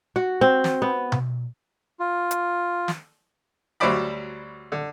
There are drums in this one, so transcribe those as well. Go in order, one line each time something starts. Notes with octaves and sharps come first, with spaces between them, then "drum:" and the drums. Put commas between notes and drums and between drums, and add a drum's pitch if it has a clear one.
F#4
C4
drum: snare
B3
drum: tom B2
F4
drum: hi-hat
drum: snare
D2 F#3 G3 C5 D5 B5
D3